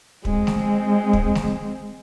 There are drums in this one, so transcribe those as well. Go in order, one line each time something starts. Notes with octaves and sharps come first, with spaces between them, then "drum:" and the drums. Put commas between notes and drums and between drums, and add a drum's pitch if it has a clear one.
G#3 C4, drum: kick
drum: snare A3
drum: kick
drum: snare A3